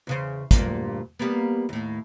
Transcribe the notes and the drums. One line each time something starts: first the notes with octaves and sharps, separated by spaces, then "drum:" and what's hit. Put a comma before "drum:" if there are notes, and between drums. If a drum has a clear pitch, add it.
E2 C#3 C5
D2 G2 A#2, drum: kick, hi-hat
G3 A#3 B3
D#2 A2